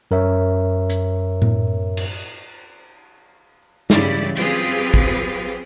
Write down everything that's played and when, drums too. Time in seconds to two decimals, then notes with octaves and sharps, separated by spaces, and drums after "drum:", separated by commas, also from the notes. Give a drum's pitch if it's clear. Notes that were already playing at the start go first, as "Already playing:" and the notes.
0.11 F#2 A#4 C#5 E5
0.90 drum: hi-hat
1.42 drum: tom A2
1.97 drum: cymbal
3.90 G2 C#3 E3 E4 G4 D5, drum: snare
4.37 F#3 C4 F4 G4 G#4 B4, drum: cymbal
4.94 drum: kick